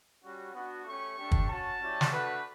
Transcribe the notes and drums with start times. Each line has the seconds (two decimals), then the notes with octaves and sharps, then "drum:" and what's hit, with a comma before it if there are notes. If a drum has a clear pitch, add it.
0.23 G3 C#4 F#4
0.54 B3 D4 F#4
0.85 A3 C#4 G4 C#6
1.17 A3 D4 G4
1.32 drum: kick
1.48 C#4 F#4 A5
1.80 G3 C#4 E4 G4
2.01 drum: snare
2.11 A3 D4 F#4 B4